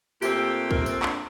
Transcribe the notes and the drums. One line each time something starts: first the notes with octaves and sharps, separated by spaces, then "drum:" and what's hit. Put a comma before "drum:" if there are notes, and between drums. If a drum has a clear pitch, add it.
A#2 A3 C4 G4, drum: tambourine
A#4, drum: kick
C5, drum: tambourine
D4, drum: clap